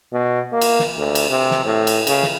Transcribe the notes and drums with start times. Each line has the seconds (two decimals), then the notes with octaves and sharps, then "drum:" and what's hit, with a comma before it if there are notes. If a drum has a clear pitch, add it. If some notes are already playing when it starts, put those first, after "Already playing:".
0.13 B2
0.52 A#3
0.61 drum: cymbal
0.79 drum: snare
0.97 D2
1.15 drum: cymbal
1.29 C3
1.51 drum: snare
1.65 A2
1.87 drum: cymbal
2.07 C#3, drum: cymbal
2.23 drum: snare